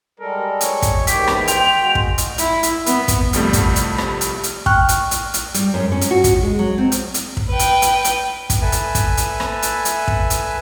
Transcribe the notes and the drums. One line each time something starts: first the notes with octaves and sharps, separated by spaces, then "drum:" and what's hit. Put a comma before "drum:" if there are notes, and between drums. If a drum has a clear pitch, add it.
G3 G#3 A4 A#4
C#5, drum: hi-hat
drum: kick, hi-hat
E2 G#2 D#3 G4 B6, drum: hi-hat
drum: rim click
G5 C6 F7, drum: hi-hat
G#3 F#4
drum: kick
drum: hi-hat
E4, drum: hi-hat
drum: hi-hat
B3, drum: hi-hat
drum: kick, hi-hat
C2 F2 G3 A3, drum: hi-hat
drum: kick, hi-hat
drum: hi-hat
drum: rim click
drum: hi-hat
drum: hi-hat
G5 C#6 F6 F#6, drum: kick
drum: hi-hat
drum: hi-hat
drum: hi-hat
G3, drum: hi-hat
F#2
C#4
drum: hi-hat
F#4
drum: kick, hi-hat
G#3
F#3
C4
drum: hi-hat
drum: hi-hat
drum: kick
B4 G5
drum: hi-hat
drum: hi-hat
drum: hi-hat
drum: kick, hi-hat
A4 B4 E5 G#5
drum: hi-hat
drum: kick, hi-hat
drum: hi-hat
drum: rim click
drum: hi-hat
drum: hi-hat
drum: kick
drum: hi-hat